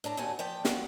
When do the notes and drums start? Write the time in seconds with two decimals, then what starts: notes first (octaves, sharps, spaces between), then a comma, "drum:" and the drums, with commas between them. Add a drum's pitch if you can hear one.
0.04 A2 D4 A5 A#5
0.17 D#2 A#2 D3 F#4 G#5 A5
0.39 F3 D5 G5
0.65 F4 F#4 F5, drum: snare